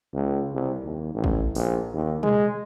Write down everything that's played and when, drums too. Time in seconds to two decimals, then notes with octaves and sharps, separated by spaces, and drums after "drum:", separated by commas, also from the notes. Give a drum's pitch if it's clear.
0.13 C#2
0.53 C2
0.83 D#2
1.14 A1
1.24 drum: kick
1.55 A#1, drum: open hi-hat
1.93 D#2
2.23 G#3, drum: tom B2